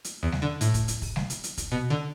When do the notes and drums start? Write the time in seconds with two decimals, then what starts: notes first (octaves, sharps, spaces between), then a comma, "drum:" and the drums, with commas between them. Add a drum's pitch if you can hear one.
0.04 drum: hi-hat
0.23 E2
0.32 drum: snare G3
0.42 D3
0.61 A2, drum: hi-hat
0.74 drum: kick, hi-hat
0.88 drum: hi-hat
1.02 drum: kick, open hi-hat
1.16 drum: snare G3
1.30 drum: hi-hat
1.44 drum: hi-hat
1.58 drum: kick, hi-hat
1.72 B2
1.90 D3